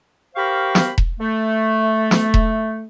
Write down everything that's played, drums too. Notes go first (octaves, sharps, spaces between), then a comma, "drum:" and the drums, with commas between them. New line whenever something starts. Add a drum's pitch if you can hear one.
G4 A#4 C5 F5 B5 C#6
drum: snare
drum: kick E1
A3
drum: snare
drum: kick E1